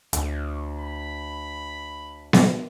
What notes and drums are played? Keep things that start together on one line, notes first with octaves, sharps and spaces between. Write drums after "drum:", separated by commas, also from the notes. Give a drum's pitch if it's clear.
D2, drum: hi-hat
B5
drum: snare B3